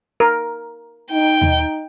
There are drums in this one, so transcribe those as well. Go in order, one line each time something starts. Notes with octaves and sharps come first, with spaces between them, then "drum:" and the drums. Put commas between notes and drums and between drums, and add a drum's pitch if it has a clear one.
A#4
D#4 G5
drum: tom D#2